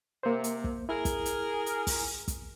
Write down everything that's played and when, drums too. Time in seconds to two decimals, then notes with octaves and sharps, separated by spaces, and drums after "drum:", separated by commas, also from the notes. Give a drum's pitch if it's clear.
0.23 C3 A#3 C5
0.44 drum: hi-hat
0.64 drum: kick
0.89 E4 G#4 A#4
1.05 drum: kick, hi-hat
1.25 drum: hi-hat
1.66 drum: hi-hat
1.87 drum: kick, open hi-hat
2.28 drum: kick, hi-hat